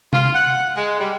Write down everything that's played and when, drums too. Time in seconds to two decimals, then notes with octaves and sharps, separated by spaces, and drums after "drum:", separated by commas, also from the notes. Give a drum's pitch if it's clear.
0.13 F4, drum: tom C3
0.34 F#5
0.76 G#3
0.99 G3